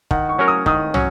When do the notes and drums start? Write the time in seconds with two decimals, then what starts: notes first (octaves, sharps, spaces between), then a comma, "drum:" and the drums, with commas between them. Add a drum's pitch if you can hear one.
0.11 D#3 F#5, drum: kick
0.29 C#6
0.39 F#3 C#4 A#4 C#5
0.48 D#6
0.66 D#3 D#6, drum: kick
0.94 F#3 C#4, drum: tom